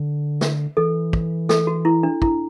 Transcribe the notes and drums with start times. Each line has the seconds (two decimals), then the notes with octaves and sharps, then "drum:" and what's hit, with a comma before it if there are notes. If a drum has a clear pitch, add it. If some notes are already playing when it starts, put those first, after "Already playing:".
Already playing: D3
0.41 drum: snare
0.77 E3 A4
1.13 drum: kick
1.49 A4, drum: snare
1.67 F#4
1.85 E4
2.03 D4
2.22 E4, drum: kick